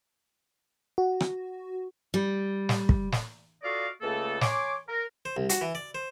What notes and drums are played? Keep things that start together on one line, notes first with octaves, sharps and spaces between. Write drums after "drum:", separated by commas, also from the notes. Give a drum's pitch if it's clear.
F#4
drum: rim click
G3
drum: snare
drum: kick
drum: snare
F4 F#4 A4 D5 D#5 F5
C#2 C#3 A3 A#3 A4
C#5 G#5 C6 D6, drum: snare
A#4
C5
C2
F#4, drum: hi-hat
E3
D5
C5